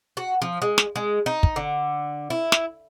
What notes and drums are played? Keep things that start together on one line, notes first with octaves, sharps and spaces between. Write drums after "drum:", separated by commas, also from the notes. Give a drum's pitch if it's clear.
F#4
F3
G#3
drum: snare
G#3
D#4
drum: kick
D3
E4
drum: snare